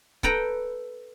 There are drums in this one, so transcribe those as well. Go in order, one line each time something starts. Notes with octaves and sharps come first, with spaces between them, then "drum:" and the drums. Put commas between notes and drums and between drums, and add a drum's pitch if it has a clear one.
A4 B4 G5 A#5 B5, drum: kick C#1